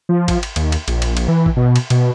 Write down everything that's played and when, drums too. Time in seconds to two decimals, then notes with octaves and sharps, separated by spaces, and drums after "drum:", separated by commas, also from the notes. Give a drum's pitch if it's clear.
0.09 F3
0.28 drum: kick G#1, cymbal
0.43 drum: cymbal
0.56 D#2, drum: cymbal
0.72 drum: cymbal
0.88 A#1, drum: cymbal
1.02 drum: cymbal
1.17 drum: cymbal
1.28 E3
1.46 drum: kick G#1
1.56 B2
1.76 drum: cymbal
1.90 B2, drum: cymbal